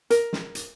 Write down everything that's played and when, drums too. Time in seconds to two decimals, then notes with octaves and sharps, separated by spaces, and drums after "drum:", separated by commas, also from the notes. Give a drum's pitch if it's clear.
0.10 A#4, drum: hi-hat
0.33 drum: snare
0.55 drum: hi-hat